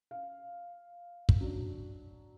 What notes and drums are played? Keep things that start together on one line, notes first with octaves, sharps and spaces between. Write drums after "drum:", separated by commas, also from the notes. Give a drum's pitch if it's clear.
F5
drum: kick
F#3 D4